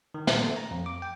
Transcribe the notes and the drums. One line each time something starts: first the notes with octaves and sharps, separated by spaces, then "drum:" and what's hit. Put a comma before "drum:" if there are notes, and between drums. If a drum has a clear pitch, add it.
D#3
A#2, drum: snare
A3
A#5
F2
D6
G5